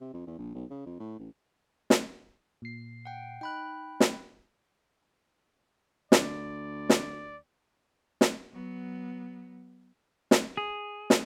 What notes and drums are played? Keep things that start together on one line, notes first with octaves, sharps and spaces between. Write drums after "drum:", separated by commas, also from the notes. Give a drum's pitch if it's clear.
C3
F2
E2
A#1
B1
C#3
F2
A2
A1
drum: snare
A#2 C7
F#5 G5
D#4 G5 B5 F#6
drum: snare
D2 D5, drum: snare
drum: snare
drum: snare
F#3 B3
drum: snare
G#4
drum: snare